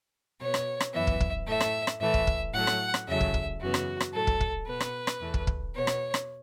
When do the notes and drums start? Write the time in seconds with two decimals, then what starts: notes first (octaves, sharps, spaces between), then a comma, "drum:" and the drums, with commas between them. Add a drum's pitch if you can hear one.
0.40 B2 B3 C#5
0.54 drum: rim click
0.80 drum: rim click
0.93 F#2 E3 B3 E5
1.07 drum: kick
1.20 drum: kick
1.47 A2 A3 E5
1.60 drum: rim click
1.87 drum: rim click
2.00 A2 E3 A3 E5
2.14 drum: kick
2.27 drum: kick
2.53 A2 F#3 A3 F#5
2.67 drum: rim click
2.94 drum: rim click
3.07 E2 C#3 F#3 A3 E5
3.20 drum: kick
3.34 drum: kick
3.61 F#2 C#3 E3 B3 F#4
3.74 drum: rim click
4.00 drum: rim click
4.13 A2 F#3 A3 A4
4.27 drum: kick
4.40 drum: kick
4.67 B2 B3 B4
4.80 drum: rim click
5.07 drum: rim click
5.20 E2 E3 A3
5.34 drum: kick
5.47 drum: kick
5.74 B2 B3 C#5
5.87 drum: rim click
6.14 drum: rim click